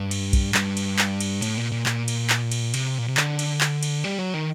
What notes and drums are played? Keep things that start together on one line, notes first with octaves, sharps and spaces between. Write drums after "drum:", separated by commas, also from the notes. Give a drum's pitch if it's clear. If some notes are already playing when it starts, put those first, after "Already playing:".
Already playing: G2
drum: cymbal
drum: kick, cymbal
G2, drum: clap
drum: cymbal
drum: clap
drum: cymbal
A2, drum: cymbal
A#2
A#2
A#2, drum: clap
drum: cymbal
drum: clap
drum: cymbal
C3, drum: cymbal
A#2
C3
D3, drum: clap
drum: cymbal
drum: clap
drum: cymbal
G3
F#3
D#3